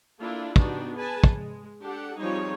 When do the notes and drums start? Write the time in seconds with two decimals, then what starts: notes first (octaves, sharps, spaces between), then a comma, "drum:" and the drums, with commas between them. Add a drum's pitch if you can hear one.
0.20 A#3 D4 E4 F4 A4
0.56 B3 D4 D#4 F#4 G4, drum: kick
0.95 G#4 B4 G#5 A5
1.24 drum: kick
1.35 G#3
1.81 D4 G4 A4 F#5
2.18 F3 G3 C4 D#4 G#4 C#5